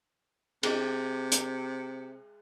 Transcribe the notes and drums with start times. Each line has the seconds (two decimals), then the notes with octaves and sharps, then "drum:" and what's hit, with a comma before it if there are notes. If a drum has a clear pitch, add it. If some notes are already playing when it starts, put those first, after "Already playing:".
0.63 C3 G#4 D#5, drum: cymbal
1.32 drum: hi-hat